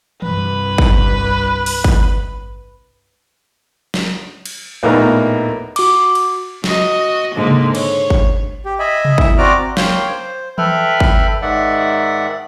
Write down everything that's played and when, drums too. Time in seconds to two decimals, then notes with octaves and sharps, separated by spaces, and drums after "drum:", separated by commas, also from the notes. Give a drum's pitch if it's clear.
0.22 C2 G2 B4, drum: tom E3
0.78 drum: kick G#1
1.66 drum: open hi-hat
1.84 drum: kick G#1
3.94 drum: snare
4.45 drum: cymbal
4.83 A#1 A2 A#3 B3 D#4 A#5
5.76 F#4 D6, drum: cymbal
6.15 drum: cymbal
6.64 F#4 D#5, drum: snare
7.35 G#2 D3 A#3
7.47 drum: tom C3
7.75 C#5, drum: cymbal
8.10 drum: kick G#1
8.65 G4
8.79 D#5 E5 G#5 B5
9.05 drum: tom C3
9.18 E4 E5, drum: kick G#1
9.38 C4 F#4 D5 A#5 D6 F6
9.77 A#3 C#5 F5 G5 C6 G6, drum: snare
10.11 C5
10.58 A4 B4 E5 G5 B5 F6, drum: tom E3
11.00 drum: kick G#1
11.42 G#2 D#3 D5 E5 F#5